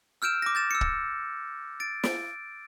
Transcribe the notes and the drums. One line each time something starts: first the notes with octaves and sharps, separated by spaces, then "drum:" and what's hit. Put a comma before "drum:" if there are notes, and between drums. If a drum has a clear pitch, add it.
E6 F6 G6 D7 E7
D6 A#6
G6 A6 E7
E6 C#7
drum: kick
A6 D7
D7, drum: snare